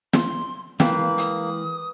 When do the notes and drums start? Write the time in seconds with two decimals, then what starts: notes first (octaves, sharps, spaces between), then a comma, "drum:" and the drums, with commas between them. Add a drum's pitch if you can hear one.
0.13 C6, drum: snare
0.80 E3 G#3 A#3 B4 F5 G5, drum: snare
1.18 D#6, drum: hi-hat